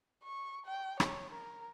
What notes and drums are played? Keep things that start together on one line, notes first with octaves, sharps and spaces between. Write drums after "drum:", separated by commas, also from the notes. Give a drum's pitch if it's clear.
C#6
G5
C#5, drum: rim click
A#4